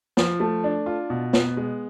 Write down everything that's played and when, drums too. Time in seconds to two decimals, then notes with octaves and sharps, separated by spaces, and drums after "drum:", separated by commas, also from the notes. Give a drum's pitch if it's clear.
0.17 F3, drum: snare
0.40 A3
0.64 D4
0.86 F4
1.10 B2
1.33 B3, drum: snare
1.57 G#3